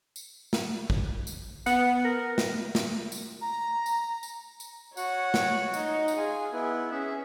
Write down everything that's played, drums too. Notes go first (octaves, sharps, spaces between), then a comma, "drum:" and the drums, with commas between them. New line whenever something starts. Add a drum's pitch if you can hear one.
drum: tambourine
drum: snare
drum: kick
drum: tambourine
B3 F#5, drum: tambourine
A#4
drum: snare
drum: snare
drum: tambourine
A#5
drum: tambourine
drum: tambourine
drum: tambourine
F#4 C#5 F#5, drum: tambourine
drum: snare
D#4, drum: tambourine
drum: tambourine
F4 G#4 G#5
B3 E4
C#4 G#4 E5